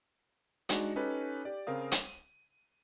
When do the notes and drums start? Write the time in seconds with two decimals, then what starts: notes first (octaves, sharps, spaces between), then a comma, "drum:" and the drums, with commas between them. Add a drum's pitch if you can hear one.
0.69 G#3 D4 D#4 F#4, drum: hi-hat
0.96 C#4 D#4 G4 A4 B4
1.45 G4 D5
1.67 C#3 C4 A#4 F5 D#6
1.92 D#7, drum: hi-hat